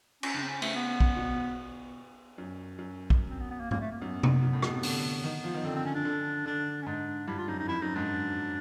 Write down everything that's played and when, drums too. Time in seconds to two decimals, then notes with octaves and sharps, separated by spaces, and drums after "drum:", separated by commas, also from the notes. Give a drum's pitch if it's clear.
0.23 C#4, drum: cymbal
0.34 C#3 D4
0.42 C4
0.48 C#4
0.62 A3, drum: cymbal
0.75 B3
1.00 drum: kick
1.17 B2
2.38 F#2
2.79 F#2
3.10 drum: kick
3.30 C4
3.40 B3
3.51 B3
3.60 A#3
3.71 A#3, drum: tom G#2
3.81 A3
3.92 A#3
4.01 F#2 B3
4.23 drum: tom C3
4.42 F#2
4.53 A2
4.62 B2, drum: rim click
4.73 C3
4.83 D3, drum: open hi-hat
5.24 D#3
5.44 F3
5.54 D#3
5.65 D3 C4
5.75 C4
5.85 C#4
5.95 D4
6.05 D3
6.46 D3 D4
6.82 C#4
6.86 G#2 D4
7.27 G2 E4
7.38 F4
7.48 F#2 D#4
7.59 D#4
7.68 F2 E4
7.82 F#2 D#4
7.95 G#2 D4